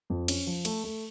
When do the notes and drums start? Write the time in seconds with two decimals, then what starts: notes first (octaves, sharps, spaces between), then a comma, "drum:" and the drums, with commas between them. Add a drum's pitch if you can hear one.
0.10 F2
0.28 C#4, drum: cymbal
0.47 F3
0.65 A3, drum: cymbal
0.84 A3